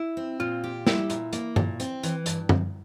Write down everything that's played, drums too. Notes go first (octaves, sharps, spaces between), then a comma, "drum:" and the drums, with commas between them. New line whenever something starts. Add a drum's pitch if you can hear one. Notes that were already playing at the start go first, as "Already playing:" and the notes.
Already playing: E4
C4
A#2 F4
G4
G3 E4, drum: snare
A#2, drum: hi-hat
A#3, drum: hi-hat
A#2, drum: tom G2
C4, drum: hi-hat
E3, drum: hi-hat
G2, drum: hi-hat
drum: tom